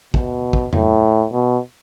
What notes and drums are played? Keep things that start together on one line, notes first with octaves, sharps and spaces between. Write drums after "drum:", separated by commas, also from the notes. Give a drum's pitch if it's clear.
B2, drum: kick
drum: kick
A2, drum: tom F2
B2